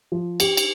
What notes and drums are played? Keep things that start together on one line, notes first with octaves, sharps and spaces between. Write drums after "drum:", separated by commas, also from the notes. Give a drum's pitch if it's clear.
F3
G4, drum: cymbal
drum: cymbal